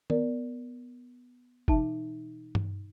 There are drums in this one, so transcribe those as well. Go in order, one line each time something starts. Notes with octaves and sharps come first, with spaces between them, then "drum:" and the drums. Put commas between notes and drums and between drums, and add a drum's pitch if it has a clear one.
B3 A#4 D5, drum: tom
B2 E3 D#4 E5 A5, drum: kick G1
drum: tom G2